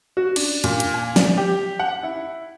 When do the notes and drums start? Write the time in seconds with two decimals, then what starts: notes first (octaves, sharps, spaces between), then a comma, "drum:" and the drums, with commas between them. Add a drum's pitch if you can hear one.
0.17 F#4
0.36 D4, drum: cymbal
0.64 A#2, drum: cymbal
0.80 drum: hi-hat
0.94 G#5
1.16 D5, drum: snare
1.37 G4
1.79 F#5
2.03 E4